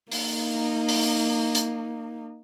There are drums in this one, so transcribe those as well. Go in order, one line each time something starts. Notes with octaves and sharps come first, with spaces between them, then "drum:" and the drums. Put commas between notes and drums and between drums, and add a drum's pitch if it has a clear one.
A#3 D#4, drum: open hi-hat
drum: open hi-hat
drum: hi-hat